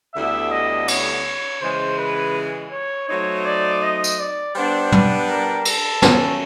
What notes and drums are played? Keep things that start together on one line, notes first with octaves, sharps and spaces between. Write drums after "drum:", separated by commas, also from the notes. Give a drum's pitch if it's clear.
D2 D3 G3 B3 E4 E5
D#5
C#5, drum: cymbal
C#3 E3 G#3 C5
B4
C#5
F#3 A3 C4 D#4 C#5
D5
D#5
drum: tambourine
D5
G3 B3 D4 C5
B4, drum: tom
A#4
A4, drum: cymbal
D#3 F#3 A3 C#4, drum: snare